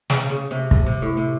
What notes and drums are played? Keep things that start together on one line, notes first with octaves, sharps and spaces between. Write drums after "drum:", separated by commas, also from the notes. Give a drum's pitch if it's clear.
C#3, drum: snare
C#3
C3
drum: kick
C3
A2
C3